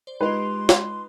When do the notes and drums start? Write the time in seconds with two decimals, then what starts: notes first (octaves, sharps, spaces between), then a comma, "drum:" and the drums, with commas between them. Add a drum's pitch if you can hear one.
0.07 C5 D5
0.21 G#3 D#4 F4 G4 B4 C6
0.69 drum: snare